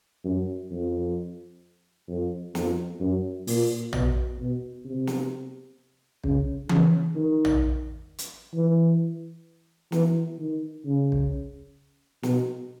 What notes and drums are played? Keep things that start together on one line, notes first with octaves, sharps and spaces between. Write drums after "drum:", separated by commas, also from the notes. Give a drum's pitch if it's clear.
F#2
F2
F2
F2, drum: snare
F#2
A#2, drum: open hi-hat
B2, drum: tom A#1
B2
C3
drum: snare
C#3, drum: kick
C#3, drum: tom E3
D#3
drum: tom A#1
drum: hi-hat
E3
E3, drum: snare
D#3
C#3
drum: kick
B2, drum: snare